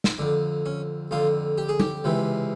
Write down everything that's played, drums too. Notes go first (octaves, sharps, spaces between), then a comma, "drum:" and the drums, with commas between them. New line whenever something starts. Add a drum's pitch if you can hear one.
drum: snare
F2 D3 D4
C#4
F2 D3 F4
G4
G#4
G4, drum: tom
C#2 C3 E3